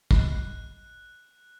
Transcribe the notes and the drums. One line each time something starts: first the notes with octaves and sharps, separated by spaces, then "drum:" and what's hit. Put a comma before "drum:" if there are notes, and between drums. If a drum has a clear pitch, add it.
D#5 B5 F#6 C7, drum: kick